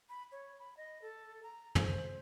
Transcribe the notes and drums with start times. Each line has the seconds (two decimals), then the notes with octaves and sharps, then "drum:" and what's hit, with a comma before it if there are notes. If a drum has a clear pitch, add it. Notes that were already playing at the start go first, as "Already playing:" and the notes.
0.09 B5
0.32 C#5
0.59 B5
0.77 D#5
1.02 A4
1.43 A#5
1.75 C5, drum: tom